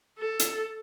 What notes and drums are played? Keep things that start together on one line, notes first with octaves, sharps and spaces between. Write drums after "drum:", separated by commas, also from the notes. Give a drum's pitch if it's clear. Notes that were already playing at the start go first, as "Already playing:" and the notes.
A4
drum: hi-hat